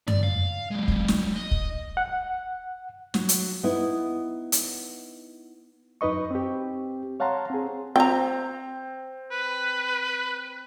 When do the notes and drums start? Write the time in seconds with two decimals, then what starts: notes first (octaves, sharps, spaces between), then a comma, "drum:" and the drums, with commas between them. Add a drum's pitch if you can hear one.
0.08 D5, drum: tom F#2
0.23 F5
0.71 F#3 G#3
0.88 drum: kick
1.08 drum: snare
1.36 D#5
1.51 drum: kick
1.97 F#5
3.14 F#3, drum: snare
3.29 drum: hi-hat
3.64 B3 D#4 E4
4.52 drum: hi-hat
6.01 F#2 D#4 B4 D#5 C#6
6.31 C4 G4
7.20 C#5 F5 F#5 A5 A#5 C6
7.50 C4 G#4
7.96 C4 G5 A#5
9.31 B4